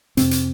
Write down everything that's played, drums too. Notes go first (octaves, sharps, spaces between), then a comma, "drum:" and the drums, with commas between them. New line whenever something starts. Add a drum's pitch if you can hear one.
F2 C3 C4, drum: hi-hat
drum: hi-hat